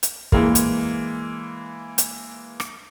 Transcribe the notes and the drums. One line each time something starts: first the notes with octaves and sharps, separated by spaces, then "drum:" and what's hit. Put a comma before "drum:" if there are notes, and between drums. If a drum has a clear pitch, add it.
drum: hi-hat
E3 G#3 A#3, drum: kick
drum: hi-hat
drum: hi-hat
drum: rim click